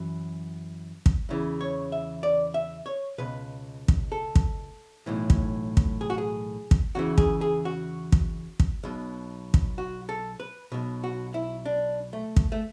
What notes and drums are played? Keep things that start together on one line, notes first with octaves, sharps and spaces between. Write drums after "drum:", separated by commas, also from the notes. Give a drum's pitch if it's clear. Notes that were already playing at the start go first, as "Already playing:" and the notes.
Already playing: F#2 E3
drum: kick
E2 C#3 E3
C#5
E5
D5
E5
C#5
C#2 B2 B4
drum: kick
A4
drum: kick
B1 A2 E3
drum: kick
drum: kick
G#4
F#4
G#4
drum: kick
E2 C#3 E3 F#4
G#4, drum: kick
G#4
F#4
drum: kick
drum: kick
B1 B2
drum: kick
F#4
A4
B4
B1 B2
F#4
E4
D4
A3
drum: kick
A3